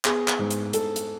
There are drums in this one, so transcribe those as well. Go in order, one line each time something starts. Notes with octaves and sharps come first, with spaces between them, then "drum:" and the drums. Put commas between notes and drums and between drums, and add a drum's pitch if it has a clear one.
B3 G#4, drum: clap
drum: clap
G#2
drum: hi-hat
G#2 A4, drum: hi-hat
drum: hi-hat